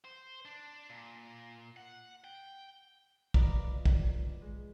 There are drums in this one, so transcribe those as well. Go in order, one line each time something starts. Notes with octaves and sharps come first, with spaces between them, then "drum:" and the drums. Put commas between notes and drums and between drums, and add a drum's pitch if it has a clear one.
C5
D4
A#2
F#5
G5
F4 B4 D5 D#5 A#5, drum: kick
drum: kick
G#3